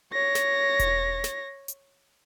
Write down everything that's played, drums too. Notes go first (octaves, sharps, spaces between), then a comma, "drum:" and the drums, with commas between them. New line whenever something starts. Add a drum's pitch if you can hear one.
C#5 A#6
drum: snare
drum: kick E1, hi-hat
drum: snare
drum: hi-hat